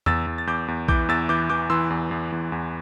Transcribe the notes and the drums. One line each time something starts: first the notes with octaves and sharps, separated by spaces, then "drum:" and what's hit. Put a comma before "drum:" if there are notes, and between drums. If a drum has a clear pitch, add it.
E2 E6 A6, drum: tom E2
E2
A6
E2 D6 G6
E2
E3 D6 G6, drum: kick A#1
E2 E6 A6
E3 D6 G6
E3 D6 G6
E3 C6 E6
E2
E2
E2
E2